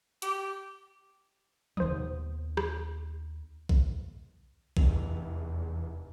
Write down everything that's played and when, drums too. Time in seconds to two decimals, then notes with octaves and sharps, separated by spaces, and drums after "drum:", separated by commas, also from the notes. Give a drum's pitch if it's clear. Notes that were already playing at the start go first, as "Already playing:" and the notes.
0.22 G4, drum: hi-hat
1.77 D#2 B3 C5 D#6, drum: tom
2.57 drum: rim click
3.69 drum: kick B1
4.77 F1 E2 F7, drum: kick B1